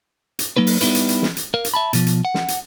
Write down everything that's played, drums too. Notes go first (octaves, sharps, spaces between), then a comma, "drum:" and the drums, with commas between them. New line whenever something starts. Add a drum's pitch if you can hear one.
drum: hi-hat
F#3 A#3 D#4 B4
drum: open hi-hat
G3 B3 D#4 E4 B4, drum: hi-hat
drum: hi-hat
drum: hi-hat
drum: snare
drum: hi-hat
A#4 F5
drum: hi-hat
E5 A5 B5
B2 F3, drum: hi-hat
drum: hi-hat
F#5
drum: snare
drum: hi-hat